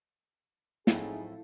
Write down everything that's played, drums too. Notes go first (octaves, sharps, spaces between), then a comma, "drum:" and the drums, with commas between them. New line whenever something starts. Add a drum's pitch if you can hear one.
A2 F3 F#3 A3 C4 D#4 E4 G#4, drum: snare